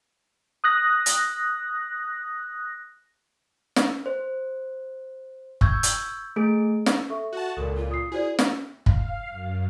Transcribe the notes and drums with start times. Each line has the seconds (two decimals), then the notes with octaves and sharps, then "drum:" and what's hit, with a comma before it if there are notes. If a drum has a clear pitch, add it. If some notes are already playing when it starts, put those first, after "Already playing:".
0.64 D#6 F#6 A#6
1.06 drum: hi-hat
3.76 drum: snare
4.06 C5
5.61 C#6 E6 G6 G#6, drum: kick
5.83 drum: hi-hat
6.36 A3 G#4 D7
6.86 drum: snare
7.10 A4 E5 C#6
7.33 F#4 A5
7.57 C#2 A#2 A4 A#4
7.77 F4
7.91 D#6 C7
8.12 E4 F#4 G#4 C5 D5
8.39 drum: snare
8.86 F5, drum: kick
9.28 F#2